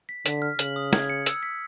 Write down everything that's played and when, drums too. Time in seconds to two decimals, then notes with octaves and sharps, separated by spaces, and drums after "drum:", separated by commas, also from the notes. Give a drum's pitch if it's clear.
0.09 B6
0.26 D3 B6, drum: hi-hat
0.42 F6
0.59 C#3 F#7, drum: hi-hat
0.76 D#6
0.93 G#6, drum: snare
1.10 C#7
1.26 E6, drum: hi-hat
1.43 B6